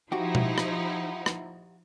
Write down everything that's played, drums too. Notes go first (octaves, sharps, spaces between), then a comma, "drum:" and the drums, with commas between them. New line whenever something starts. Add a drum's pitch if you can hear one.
F3 D#4 E4 F#4 G4
drum: tom B2
drum: rim click
drum: rim click